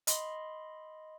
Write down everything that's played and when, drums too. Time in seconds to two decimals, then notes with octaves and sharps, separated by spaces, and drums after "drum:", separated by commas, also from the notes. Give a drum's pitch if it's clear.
0.07 D#5 B5 C6, drum: hi-hat